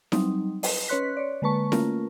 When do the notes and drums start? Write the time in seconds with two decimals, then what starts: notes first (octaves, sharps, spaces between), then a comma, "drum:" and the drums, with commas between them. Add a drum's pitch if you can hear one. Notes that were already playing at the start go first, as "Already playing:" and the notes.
0.12 F#3 G3 C4 D#4, drum: snare E4
0.63 B4 D#5, drum: open hi-hat
0.88 C#4 B4 C#5 C6 F#6 B6
1.17 C#5 D5
1.42 D3 G#3 A#3 B4 A5 C#6
1.72 A3 A#3 C#4 F4 A#4, drum: snare E4